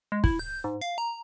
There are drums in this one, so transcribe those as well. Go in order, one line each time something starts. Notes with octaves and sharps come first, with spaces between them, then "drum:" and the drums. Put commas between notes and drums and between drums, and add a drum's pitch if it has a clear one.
G#3
E4, drum: kick
G6
G#2
F5
A#5